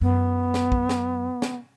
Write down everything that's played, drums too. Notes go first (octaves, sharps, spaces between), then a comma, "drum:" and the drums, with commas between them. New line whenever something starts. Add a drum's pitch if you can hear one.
F#2 B3
drum: snare
drum: kick
drum: snare
drum: snare